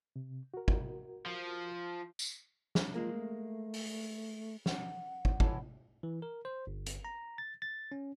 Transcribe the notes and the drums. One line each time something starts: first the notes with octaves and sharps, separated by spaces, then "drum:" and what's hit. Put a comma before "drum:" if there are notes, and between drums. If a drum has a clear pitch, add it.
C3
F#4 A#4
drum: kick
F3
drum: tambourine
drum: snare
G#3 A#3 F4
A3
drum: open hi-hat
F#5, drum: snare
drum: kick
E3 C#4 A4, drum: kick
E3
A#4
C5
G1
drum: hi-hat
A#5
A6
A6
C#4